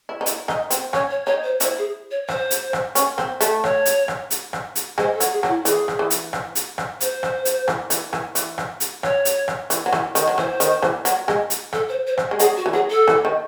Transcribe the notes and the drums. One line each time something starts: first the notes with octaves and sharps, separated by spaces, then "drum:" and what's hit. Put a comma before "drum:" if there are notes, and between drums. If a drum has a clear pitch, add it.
E4
D#4
E4, drum: hi-hat
D#4, drum: rim click
C4, drum: hi-hat
C#4 C#5, drum: rim click
C#5
D#4 C#5
C5
E4 C5, drum: hi-hat
G#4
C#5
C5, drum: rim click
drum: hi-hat
drum: rim click
C#4, drum: hi-hat
C4, drum: rim click
A3, drum: hi-hat
C#5, drum: rim click
drum: hi-hat
drum: rim click
drum: hi-hat
drum: rim click
drum: hi-hat
G#3 C5, drum: rim click
A4
F#3, drum: hi-hat
G#4
F#3, drum: rim click
E4
E3 G#4, drum: hi-hat
drum: rim click
E3
drum: hi-hat
drum: rim click
drum: hi-hat
drum: rim click
C5, drum: hi-hat
drum: rim click
drum: hi-hat
E3, drum: rim click
E3, drum: hi-hat
E3, drum: rim click
E3, drum: hi-hat
drum: rim click
drum: hi-hat
C#5, drum: rim click
drum: hi-hat
drum: rim click
E3, drum: hi-hat
F#3
E3, drum: rim click
D#3, drum: hi-hat
F#3
E3 C5, drum: rim click
D#3, drum: hi-hat
E3, drum: rim click
F#3, drum: hi-hat
G#3, drum: rim click
drum: hi-hat
A4, drum: rim click
C5
C5
drum: rim click
G#3
F#3 G#4, drum: hi-hat
F#4
E3
F#3 G#4
A4
E3, drum: rim click
D#3